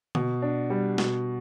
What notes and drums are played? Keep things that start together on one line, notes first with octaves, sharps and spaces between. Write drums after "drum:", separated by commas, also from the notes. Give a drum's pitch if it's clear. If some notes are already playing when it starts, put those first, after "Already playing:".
B2, drum: tom D3
D4
G3
B2, drum: snare